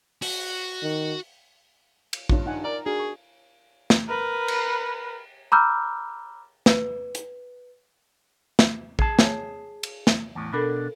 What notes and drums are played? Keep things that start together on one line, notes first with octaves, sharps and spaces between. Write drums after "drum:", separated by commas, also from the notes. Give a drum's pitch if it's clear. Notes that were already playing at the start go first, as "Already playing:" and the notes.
F#4, drum: open hi-hat
D#3
drum: cymbal
G2 D#3 F4 C#5, drum: kick A1
D#4 F#5 G#5
A#4 D5
D4 F#4 G#4
C#6
drum: snare
A#4 B4
drum: cymbal
A#5 B5 D6 E6 F6 G6
B4, drum: snare
drum: hi-hat
drum: snare
G#4 A5, drum: kick A1
C#5 G#5, drum: snare
drum: cymbal
drum: snare
E2 A2
B2 D4 A4 A#4 B5